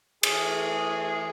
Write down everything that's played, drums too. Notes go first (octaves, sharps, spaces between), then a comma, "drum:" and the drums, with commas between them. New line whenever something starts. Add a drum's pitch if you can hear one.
E3 A3 G#4, drum: cymbal